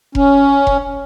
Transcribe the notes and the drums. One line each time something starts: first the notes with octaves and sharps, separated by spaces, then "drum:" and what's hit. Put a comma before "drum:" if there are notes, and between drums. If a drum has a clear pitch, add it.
C#4, drum: kick F1
drum: kick F1